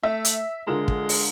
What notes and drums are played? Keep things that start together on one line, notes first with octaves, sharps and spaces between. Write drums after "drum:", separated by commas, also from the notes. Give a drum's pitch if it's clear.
A3 E5
drum: hi-hat
D3 G#3 F4 A#4
drum: kick
drum: open hi-hat